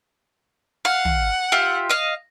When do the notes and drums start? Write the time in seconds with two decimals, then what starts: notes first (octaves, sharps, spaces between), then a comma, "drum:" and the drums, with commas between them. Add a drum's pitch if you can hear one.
0.85 F5 F#5
1.05 drum: tom
1.52 F4 G4 E5
1.89 D#5 F5